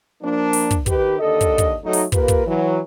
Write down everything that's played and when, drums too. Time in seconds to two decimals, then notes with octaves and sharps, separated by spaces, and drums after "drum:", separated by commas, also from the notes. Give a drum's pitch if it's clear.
0.22 F3 A#3 D4
0.53 drum: open hi-hat
0.71 drum: kick, hi-hat
0.86 D#3 G4 B4, drum: kick, hi-hat
1.19 D#2 D3 A4 D#5
1.41 drum: kick, hi-hat
1.58 drum: kick, hi-hat
1.83 F#3 A3 D#4
1.93 drum: open hi-hat
2.12 A#3 F4 G4 A#4 B4, drum: kick, hi-hat
2.28 drum: kick, hi-hat
2.46 E3 F#3